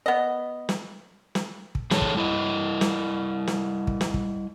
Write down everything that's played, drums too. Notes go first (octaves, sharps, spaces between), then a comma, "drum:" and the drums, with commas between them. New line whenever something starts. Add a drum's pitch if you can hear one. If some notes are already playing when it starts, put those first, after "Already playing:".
B3 D#5
drum: snare
drum: snare
drum: kick
E3 G#4 A4 C#5, drum: snare
drum: kick
G3 E4 D#5
drum: snare
drum: snare
drum: kick
drum: snare
drum: kick